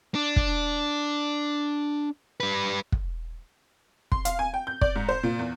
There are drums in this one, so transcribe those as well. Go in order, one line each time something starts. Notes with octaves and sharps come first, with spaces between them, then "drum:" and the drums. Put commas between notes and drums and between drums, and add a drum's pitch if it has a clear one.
D4
drum: kick
G3 B4
drum: kick
C6, drum: kick
F5, drum: hi-hat
G#5
G5
G6
D5, drum: kick
G#2
C5
A#2
E2